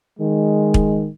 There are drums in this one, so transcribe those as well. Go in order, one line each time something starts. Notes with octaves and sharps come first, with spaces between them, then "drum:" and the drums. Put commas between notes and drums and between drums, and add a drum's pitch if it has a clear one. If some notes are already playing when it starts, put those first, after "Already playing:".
D#3 G#3
drum: kick